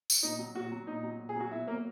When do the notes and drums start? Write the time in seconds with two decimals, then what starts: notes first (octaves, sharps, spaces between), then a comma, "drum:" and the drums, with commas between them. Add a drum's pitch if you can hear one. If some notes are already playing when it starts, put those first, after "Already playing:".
0.10 drum: tambourine
0.23 A#2 D#4
0.39 F#3
0.55 A#2 F#4
0.72 F#3
0.87 A#2 D#4
1.04 F#3
1.19 A#2
1.29 G#4
1.36 F#3 F#4
1.51 B2 E4
1.67 F#3 A#3